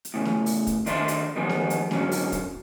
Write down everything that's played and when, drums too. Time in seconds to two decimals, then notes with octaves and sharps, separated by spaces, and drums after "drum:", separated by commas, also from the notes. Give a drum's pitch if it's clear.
0.05 drum: hi-hat
0.14 A2 C#3
0.25 drum: snare
0.46 drum: open hi-hat
0.67 drum: kick, hi-hat
0.86 D#3 D4 D5 E5 F5 C6, drum: hi-hat
1.08 drum: hi-hat
1.36 D3 D#3 F3 G3 G#3 B3
1.49 drum: snare
1.70 drum: hi-hat
1.91 G#2 D3 F#3 C#4, drum: snare
2.11 drum: open hi-hat
2.32 drum: kick, hi-hat